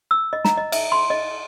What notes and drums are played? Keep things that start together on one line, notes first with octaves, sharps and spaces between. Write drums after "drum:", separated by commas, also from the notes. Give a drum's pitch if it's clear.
E6
D#5
A#5, drum: snare
D#5
E5, drum: cymbal
C6
D#5